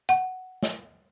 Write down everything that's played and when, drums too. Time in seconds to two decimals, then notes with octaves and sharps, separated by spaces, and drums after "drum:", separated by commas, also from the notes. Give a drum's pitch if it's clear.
0.09 F#5
0.63 drum: snare